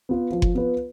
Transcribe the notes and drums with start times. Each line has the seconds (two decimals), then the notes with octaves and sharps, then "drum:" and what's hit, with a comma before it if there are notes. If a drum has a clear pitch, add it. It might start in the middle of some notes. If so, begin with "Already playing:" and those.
0.09 B3 F4 B4
0.32 F3
0.42 drum: kick F#1
0.54 B3 F4 B4